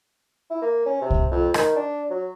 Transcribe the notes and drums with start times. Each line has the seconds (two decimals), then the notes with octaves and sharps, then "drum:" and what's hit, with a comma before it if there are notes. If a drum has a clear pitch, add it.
0.50 E4
0.62 A#3
0.86 C#4
1.01 C3
1.10 drum: kick C2
1.31 F2
1.54 D#3, drum: rim click
1.76 D4
2.10 F#3